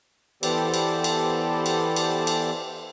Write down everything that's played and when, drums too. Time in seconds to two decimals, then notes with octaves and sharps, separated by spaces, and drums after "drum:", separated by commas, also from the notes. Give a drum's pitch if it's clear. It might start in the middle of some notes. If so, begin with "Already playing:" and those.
0.43 E3 B3 G4 A4 C5 D5, drum: cymbal
0.74 drum: cymbal
1.04 drum: cymbal
1.66 drum: cymbal
1.96 drum: cymbal
2.27 drum: cymbal